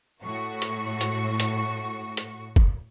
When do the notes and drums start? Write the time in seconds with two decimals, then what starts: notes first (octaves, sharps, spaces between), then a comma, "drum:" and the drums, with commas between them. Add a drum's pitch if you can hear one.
0.23 A2 F#4 C#6
0.62 drum: hi-hat
1.01 drum: hi-hat
1.40 drum: hi-hat
2.17 drum: hi-hat
2.56 drum: kick